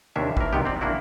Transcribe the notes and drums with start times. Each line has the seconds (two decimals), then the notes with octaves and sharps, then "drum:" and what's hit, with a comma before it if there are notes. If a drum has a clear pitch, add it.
0.16 D#2 C3 C#4 D4 E5
0.37 E3 A#4, drum: kick
0.53 G#2 C3 D#3 B3 G4
0.65 C4 D5
0.81 A#3 D4 E4 F#4